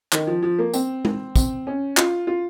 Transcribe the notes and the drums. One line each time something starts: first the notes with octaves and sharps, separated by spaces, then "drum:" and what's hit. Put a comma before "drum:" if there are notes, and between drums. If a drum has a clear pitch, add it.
D#3, drum: clap
F3
F3
A#3
C4, drum: tambourine
drum: tom G#3
C4, drum: kick, tambourine
C#4
F4, drum: clap
F4